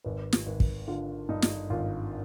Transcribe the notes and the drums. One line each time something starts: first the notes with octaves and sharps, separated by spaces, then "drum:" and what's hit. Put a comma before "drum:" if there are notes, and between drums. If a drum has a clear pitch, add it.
G#1 B4
drum: snare
G#1 B4
drum: kick
D3 F4
G2 D#4
drum: snare
G#1 F4